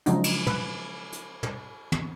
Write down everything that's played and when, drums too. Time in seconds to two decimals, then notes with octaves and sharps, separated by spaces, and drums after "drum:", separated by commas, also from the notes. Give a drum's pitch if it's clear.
0.06 C#3 F3 F#3 G#3 D4 D#4, drum: hi-hat
0.24 drum: cymbal
0.47 B4, drum: tom
1.13 drum: hi-hat
1.43 drum: tom
1.92 drum: tom